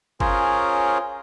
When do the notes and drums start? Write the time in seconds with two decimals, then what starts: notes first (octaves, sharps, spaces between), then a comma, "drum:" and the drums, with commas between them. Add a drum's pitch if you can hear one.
0.20 C#4 F4 G#4 A#4 C5 C#5, drum: kick G1